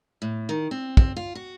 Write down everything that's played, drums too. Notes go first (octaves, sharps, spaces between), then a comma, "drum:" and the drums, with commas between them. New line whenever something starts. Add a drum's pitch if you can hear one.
A2
D#3
C4
C4, drum: kick
F4
F#4